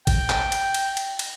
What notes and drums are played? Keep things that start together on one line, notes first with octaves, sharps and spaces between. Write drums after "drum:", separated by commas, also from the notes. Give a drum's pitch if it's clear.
G5, drum: kick G1, cymbal
drum: clap
drum: cymbal
drum: cymbal
drum: cymbal
drum: cymbal